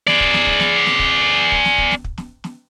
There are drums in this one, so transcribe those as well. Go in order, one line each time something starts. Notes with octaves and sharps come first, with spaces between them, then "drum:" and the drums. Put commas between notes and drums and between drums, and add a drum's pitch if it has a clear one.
G#4 D5, drum: snare
drum: kick
drum: snare
drum: kick
drum: snare
drum: snare
drum: kick
drum: kick
drum: snare
drum: kick
drum: snare
drum: kick
drum: snare
drum: snare